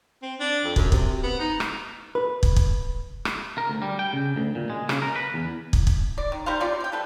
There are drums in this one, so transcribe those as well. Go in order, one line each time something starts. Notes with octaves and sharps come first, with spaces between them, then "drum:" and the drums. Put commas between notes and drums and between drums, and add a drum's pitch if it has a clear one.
C4
D4
F2
F#2, drum: kick
C3, drum: kick
B3
D#4
drum: rim click
B4
drum: kick
drum: kick
drum: rim click
A#4
D2
G3
G5
C#3
D2
A#2
G#3
C#3, drum: rim click
A#4
B4
E2
drum: kick
drum: kick
D5
D#3
G3 D#4 C5 F5
C3 C#4 F4 D5
D5 G5
G3 A4 B4